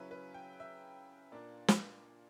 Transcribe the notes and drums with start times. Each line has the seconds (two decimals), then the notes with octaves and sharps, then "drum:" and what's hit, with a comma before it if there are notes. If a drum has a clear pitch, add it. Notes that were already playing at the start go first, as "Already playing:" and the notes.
Already playing: C#3 F#3 C#4 E4 B4
0.11 B4
0.34 G5
0.60 E5
1.32 A#2 A#3 D4 D5
1.68 drum: snare